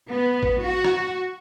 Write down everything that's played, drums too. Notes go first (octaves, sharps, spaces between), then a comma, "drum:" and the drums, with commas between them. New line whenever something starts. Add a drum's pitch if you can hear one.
B3
drum: kick A1
F#4
drum: rim click